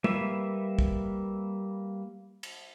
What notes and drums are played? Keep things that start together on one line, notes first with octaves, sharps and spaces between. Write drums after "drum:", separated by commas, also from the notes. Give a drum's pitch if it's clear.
G3 A#3 B4 E5, drum: tom
drum: kick
drum: cymbal